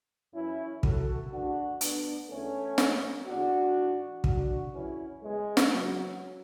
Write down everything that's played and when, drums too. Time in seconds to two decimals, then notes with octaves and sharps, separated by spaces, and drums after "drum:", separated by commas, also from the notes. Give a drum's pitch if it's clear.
0.34 F#2 E3 C#4 E4
0.83 F#2 E3 F#4 A4, drum: kick
1.32 D2 C#3 E3 D4 F#4
1.81 D2 D3 B3 D4, drum: hi-hat
2.29 E2 D3 A3 C#4
2.78 G#2 E3, drum: snare
3.26 E2 D3 D4 F#4
3.76 G#2 E3
4.24 F#2 D3 D4 F#4, drum: kick
4.73 F#2 C#3 E3 C#4 E4
5.21 E2 C#3 E3 G#3
5.57 drum: snare
5.70 C#2 C#3 E3 F#3